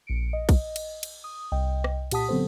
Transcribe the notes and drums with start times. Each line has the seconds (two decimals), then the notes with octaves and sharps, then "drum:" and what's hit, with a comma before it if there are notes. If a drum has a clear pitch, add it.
0.07 A#1 C#7 D7
0.33 D#5
0.49 drum: kick A#1, cymbal
0.76 drum: cymbal
1.03 drum: cymbal
1.24 D#6
1.52 C2 D#5 G5
1.84 drum: rim click
2.11 A#2 G4 F#5 A5 D#6 B6, drum: cymbal
2.29 D3 F#3 B3 C4 A4 C5